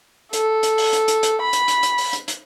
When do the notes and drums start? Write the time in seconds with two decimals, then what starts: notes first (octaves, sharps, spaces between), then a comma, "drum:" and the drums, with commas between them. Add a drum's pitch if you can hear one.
0.33 A4, drum: hi-hat
0.63 drum: hi-hat
0.78 drum: open hi-hat
0.93 drum: hi-hat
1.08 drum: hi-hat
1.23 drum: hi-hat
1.42 B5
1.53 drum: hi-hat
1.68 drum: hi-hat
1.83 drum: hi-hat
1.98 drum: open hi-hat
2.13 drum: hi-hat
2.28 drum: hi-hat